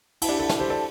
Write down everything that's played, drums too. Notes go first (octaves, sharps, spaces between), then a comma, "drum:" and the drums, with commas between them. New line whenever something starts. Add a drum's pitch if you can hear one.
E4, drum: cymbal
D4 G4
E4 A4
drum: snare
G4 C5
A4 D5